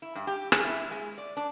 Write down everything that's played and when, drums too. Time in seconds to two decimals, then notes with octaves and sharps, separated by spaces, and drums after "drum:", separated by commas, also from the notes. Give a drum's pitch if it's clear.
0.02 E4
0.15 G2
0.27 G4
0.52 G#4, drum: rim click
0.65 E4
0.91 G#3
1.18 D5
1.37 D4